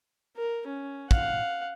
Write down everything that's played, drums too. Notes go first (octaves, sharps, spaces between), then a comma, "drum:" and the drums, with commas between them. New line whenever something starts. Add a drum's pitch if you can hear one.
A#4
C#4
F5 F#5, drum: kick